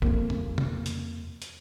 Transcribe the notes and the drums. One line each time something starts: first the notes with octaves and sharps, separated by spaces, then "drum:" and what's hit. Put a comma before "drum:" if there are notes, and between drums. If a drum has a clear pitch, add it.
F2 A#3, drum: kick
drum: tom
drum: tom
drum: hi-hat
drum: hi-hat